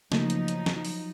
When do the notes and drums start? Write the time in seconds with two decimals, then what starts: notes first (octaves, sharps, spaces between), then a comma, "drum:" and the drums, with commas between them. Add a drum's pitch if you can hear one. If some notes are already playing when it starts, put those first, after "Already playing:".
0.12 C#3 F3 F#3 A3 A#3 D#4, drum: snare
0.30 drum: hi-hat
0.48 drum: hi-hat
0.66 drum: snare
0.85 drum: open hi-hat